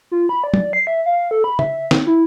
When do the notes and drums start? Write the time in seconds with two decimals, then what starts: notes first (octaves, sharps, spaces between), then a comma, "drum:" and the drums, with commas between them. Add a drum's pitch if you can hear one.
0.11 F4
0.29 B5
0.44 D5
0.54 drum: tom
0.73 C7
0.87 E5
1.06 F5
1.31 A4
1.44 B5
1.59 E5, drum: tom
1.91 C4, drum: snare
2.07 E4